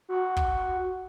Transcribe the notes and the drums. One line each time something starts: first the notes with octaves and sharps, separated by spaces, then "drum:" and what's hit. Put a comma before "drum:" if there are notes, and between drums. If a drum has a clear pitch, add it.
F#4
drum: kick